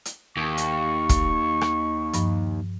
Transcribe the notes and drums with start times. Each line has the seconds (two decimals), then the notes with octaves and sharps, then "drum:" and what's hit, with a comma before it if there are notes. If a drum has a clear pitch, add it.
0.05 drum: hi-hat
0.37 D#2 C#6
0.57 drum: hi-hat
1.09 drum: kick, hi-hat
1.61 drum: rim click
2.13 G2 F3, drum: hi-hat